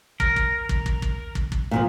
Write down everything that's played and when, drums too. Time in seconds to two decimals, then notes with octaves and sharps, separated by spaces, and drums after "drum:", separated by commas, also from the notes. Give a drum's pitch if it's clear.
0.20 A#4, drum: kick
0.36 drum: kick
0.69 drum: kick
0.86 drum: kick
1.02 drum: kick
1.35 drum: kick
1.52 drum: kick
1.71 A#2 D3 F3